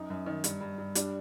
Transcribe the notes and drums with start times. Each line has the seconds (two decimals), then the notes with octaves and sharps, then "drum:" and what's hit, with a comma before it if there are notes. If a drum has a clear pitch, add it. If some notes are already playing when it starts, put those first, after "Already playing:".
Already playing: F#2 D#4
0.10 F#2
0.26 D#3
0.44 G2, drum: hi-hat
0.61 G2
0.78 G2
0.95 G3 D4, drum: hi-hat